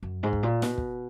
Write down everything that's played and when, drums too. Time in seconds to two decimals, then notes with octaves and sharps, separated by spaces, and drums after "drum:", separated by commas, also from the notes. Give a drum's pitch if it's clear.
0.03 F#2
0.23 G#2
0.33 drum: kick
0.43 A#2
0.62 B2, drum: snare
0.78 drum: kick